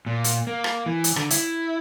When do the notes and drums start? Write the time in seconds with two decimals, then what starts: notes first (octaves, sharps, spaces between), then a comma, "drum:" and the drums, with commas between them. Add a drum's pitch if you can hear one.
0.06 A#2
0.24 drum: hi-hat
0.47 A#3
0.64 drum: rim click
0.86 E3
1.04 drum: hi-hat
1.16 D3, drum: rim click
1.30 E4, drum: hi-hat